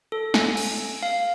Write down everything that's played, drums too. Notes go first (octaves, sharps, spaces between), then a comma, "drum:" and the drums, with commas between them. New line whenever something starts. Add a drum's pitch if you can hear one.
A4
G#5, drum: snare
drum: cymbal
F5